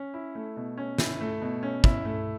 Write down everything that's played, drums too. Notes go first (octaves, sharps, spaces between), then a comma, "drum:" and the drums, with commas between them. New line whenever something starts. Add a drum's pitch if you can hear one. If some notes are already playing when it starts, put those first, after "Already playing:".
Already playing: C#4
E4
A3
B2
C#4
E4, drum: snare
A3
B2
C#4
E4, drum: kick
A3